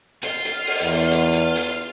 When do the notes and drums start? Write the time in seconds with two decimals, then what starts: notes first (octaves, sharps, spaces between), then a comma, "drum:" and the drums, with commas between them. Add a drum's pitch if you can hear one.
0.23 F4, drum: hi-hat
0.45 drum: hi-hat
0.67 drum: open hi-hat
0.82 E2
1.11 drum: hi-hat
1.34 drum: hi-hat
1.56 drum: hi-hat